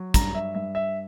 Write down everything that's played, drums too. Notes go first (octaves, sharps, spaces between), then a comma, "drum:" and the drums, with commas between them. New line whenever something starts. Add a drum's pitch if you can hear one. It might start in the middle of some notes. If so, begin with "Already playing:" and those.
Already playing: F#3
G2 A#5, drum: kick, hi-hat
E5
G2 E5
E5